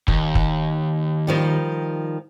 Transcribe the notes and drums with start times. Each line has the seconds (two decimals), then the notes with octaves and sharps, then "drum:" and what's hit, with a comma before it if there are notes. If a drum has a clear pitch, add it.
0.08 D#2, drum: kick
0.35 drum: kick
1.27 D#3 F3 G3